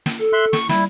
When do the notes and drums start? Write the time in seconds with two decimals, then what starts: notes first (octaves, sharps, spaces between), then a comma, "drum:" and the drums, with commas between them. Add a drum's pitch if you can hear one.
0.06 drum: snare
0.19 A4
0.33 E5 C6 F#6
0.53 C#6, drum: snare
0.69 G3 E4, drum: snare